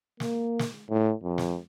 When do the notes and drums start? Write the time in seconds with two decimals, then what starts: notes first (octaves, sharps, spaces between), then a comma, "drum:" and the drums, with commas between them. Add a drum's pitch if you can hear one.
0.20 A#3, drum: snare
0.59 drum: snare
0.90 A2
1.23 F2
1.38 drum: snare